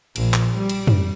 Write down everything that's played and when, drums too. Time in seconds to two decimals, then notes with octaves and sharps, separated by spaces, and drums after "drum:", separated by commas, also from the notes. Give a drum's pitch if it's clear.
0.16 A#1, drum: cymbal
0.34 drum: clap
0.58 G3
0.69 drum: cymbal
0.87 drum: tom